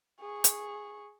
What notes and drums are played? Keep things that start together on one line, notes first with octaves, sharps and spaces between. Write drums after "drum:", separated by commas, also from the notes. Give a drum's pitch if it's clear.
G#4 C#6
drum: hi-hat